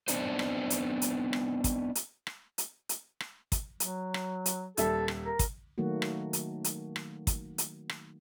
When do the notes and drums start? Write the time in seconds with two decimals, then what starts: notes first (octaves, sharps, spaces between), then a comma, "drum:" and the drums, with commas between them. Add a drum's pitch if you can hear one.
0.08 B3 C4 D4 D#4 C5, drum: hi-hat
0.39 drum: rim click
0.70 drum: hi-hat
1.02 drum: hi-hat
1.33 drum: rim click
1.64 drum: kick, hi-hat
1.95 drum: hi-hat
2.27 drum: rim click
2.58 drum: hi-hat
2.89 drum: hi-hat
3.20 drum: rim click
3.52 drum: kick, hi-hat
3.80 F#3, drum: hi-hat
4.14 drum: rim click
4.46 drum: hi-hat
4.77 D#1 G3 A4 E5, drum: hi-hat
5.08 drum: rim click
5.25 A#4
5.39 drum: kick, hi-hat
5.78 D#3 F#3 A3 A#3 F#4
6.02 drum: rim click
6.33 drum: hi-hat
6.64 drum: hi-hat
6.96 drum: rim click
7.27 drum: kick, hi-hat
7.58 drum: hi-hat
7.89 drum: rim click